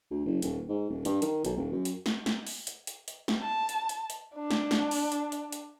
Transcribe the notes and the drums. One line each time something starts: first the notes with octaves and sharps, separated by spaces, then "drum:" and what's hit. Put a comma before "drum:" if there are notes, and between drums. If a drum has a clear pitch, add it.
D2
F#1
D#1, drum: hi-hat
G#2
D#1
G2, drum: hi-hat
D#3, drum: hi-hat
B1, drum: hi-hat
D#1
F#2
drum: hi-hat
drum: snare
drum: snare
drum: open hi-hat
drum: hi-hat
drum: hi-hat
drum: hi-hat
drum: snare
A5
drum: hi-hat
drum: hi-hat
drum: hi-hat
D4
drum: snare
drum: snare
drum: open hi-hat
drum: hi-hat
drum: hi-hat
drum: hi-hat